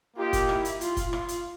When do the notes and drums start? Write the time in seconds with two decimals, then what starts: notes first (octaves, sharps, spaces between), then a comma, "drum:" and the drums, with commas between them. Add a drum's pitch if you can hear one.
0.17 A#3 D#4 F4 G4
0.33 drum: kick F#1, hi-hat
0.49 E4, drum: rim click
0.65 drum: hi-hat
0.81 F4, drum: hi-hat
0.97 drum: kick F#1, hi-hat
1.13 F4, drum: rim click
1.28 drum: hi-hat